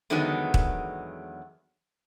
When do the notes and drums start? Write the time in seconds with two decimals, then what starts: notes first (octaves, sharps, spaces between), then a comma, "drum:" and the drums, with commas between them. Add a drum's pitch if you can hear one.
0.10 E2 D3 D#3 F#3 G#3 B3
0.54 drum: kick